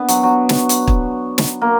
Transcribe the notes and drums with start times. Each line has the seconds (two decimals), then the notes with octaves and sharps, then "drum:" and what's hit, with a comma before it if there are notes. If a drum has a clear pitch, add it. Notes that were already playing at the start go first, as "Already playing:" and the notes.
Already playing: B3 D4
0.08 F#3, drum: hi-hat
0.23 F#3
0.49 drum: snare
0.69 drum: hi-hat
0.88 drum: kick
1.38 drum: snare
1.61 A#3